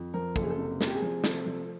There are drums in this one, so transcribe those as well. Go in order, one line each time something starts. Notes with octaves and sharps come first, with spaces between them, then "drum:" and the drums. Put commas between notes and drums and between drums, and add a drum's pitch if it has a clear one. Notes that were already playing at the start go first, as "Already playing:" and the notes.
Already playing: F2
F3 A#4
F#1 A4, drum: kick
G#4
A4
C3
C3, drum: snare
G4
G#4
F3
C3 A4, drum: snare
F3